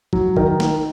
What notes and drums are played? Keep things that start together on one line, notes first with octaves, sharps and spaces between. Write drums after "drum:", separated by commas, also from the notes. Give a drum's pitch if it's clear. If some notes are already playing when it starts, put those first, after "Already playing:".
F#3, drum: kick
D#3, drum: kick
drum: snare